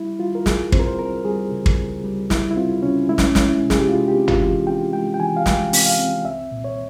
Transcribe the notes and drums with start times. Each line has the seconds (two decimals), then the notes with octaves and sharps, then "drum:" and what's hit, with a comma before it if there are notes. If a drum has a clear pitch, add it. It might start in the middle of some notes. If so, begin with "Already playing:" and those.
Already playing: G3 E4
0.20 G3 F4
0.35 A#4
0.46 C#2 G#4, drum: snare
0.72 C4 C5, drum: kick
0.79 A#4
0.87 C5
0.99 C4 A#4
1.25 G3 G#4
1.51 C#3
1.66 drum: kick
1.77 C#2
2.04 G3
2.30 G3 E4, drum: snare
2.51 E4
2.56 C4 F4
2.83 C#3 C#4
3.09 G#3 E4
3.18 C#4, drum: snare
3.35 G#3 C#4, drum: snare
3.48 E4
3.62 C3
3.70 G#4, drum: snare
3.79 G4
3.88 G#3 F4
4.08 G4
4.14 C4
4.28 F4, drum: tom
4.41 E3
4.67 C4 G5
4.93 G#3 G5
5.14 G5
5.20 E3 G#5
5.37 F5
5.46 G#3 G5, drum: snare
5.73 C4, drum: open hi-hat
5.86 F5
5.99 C4
6.25 C2 E5
6.52 A#2
6.64 C#5